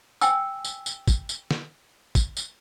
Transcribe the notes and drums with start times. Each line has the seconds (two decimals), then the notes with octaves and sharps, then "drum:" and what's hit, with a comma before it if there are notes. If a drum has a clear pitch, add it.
0.21 G5 G#5 E6, drum: tambourine
0.64 drum: tambourine
0.86 drum: tambourine
1.08 drum: kick, tambourine
1.29 drum: tambourine
1.51 drum: snare
2.15 drum: kick, tambourine
2.37 drum: tambourine